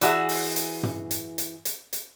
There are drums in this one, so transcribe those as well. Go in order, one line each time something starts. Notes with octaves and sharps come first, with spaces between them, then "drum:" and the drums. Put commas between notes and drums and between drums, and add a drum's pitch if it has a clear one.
E3 D4 F#4 G#4 E5, drum: hi-hat
drum: open hi-hat
drum: hi-hat
drum: tom
drum: hi-hat
drum: hi-hat
drum: hi-hat
drum: hi-hat